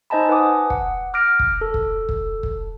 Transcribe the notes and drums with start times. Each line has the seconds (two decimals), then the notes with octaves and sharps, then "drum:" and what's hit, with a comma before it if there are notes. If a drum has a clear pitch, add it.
0.10 D#4 C5 D#5 G#5 A5 B5
0.29 B4 F#5 G#5 D6 D#6
0.70 F#5, drum: kick
1.14 D6 F6 F#6 A#6 D7
1.39 drum: kick
1.61 A4
1.74 drum: kick
2.09 drum: kick
2.43 drum: kick